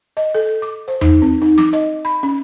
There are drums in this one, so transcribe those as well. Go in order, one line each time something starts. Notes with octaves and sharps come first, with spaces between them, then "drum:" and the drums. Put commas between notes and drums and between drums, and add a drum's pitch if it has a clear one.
D#5
A4
D6
C5
D#4, drum: tom E2
C4
D#4
D6, drum: snare
D#5, drum: hi-hat
B5
C#4